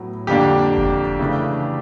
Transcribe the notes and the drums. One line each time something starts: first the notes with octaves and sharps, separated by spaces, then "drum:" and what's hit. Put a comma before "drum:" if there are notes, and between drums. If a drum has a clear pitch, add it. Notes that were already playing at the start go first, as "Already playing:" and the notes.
Already playing: A2 F#3 B3
F2 D3 G3 A#3 D4 G4
drum: kick F#1
C#3 E3 A3 D4